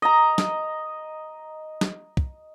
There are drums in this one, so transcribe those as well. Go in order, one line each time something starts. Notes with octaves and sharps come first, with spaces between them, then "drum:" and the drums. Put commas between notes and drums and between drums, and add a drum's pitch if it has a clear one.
D#5 A#5
drum: snare
drum: snare
drum: kick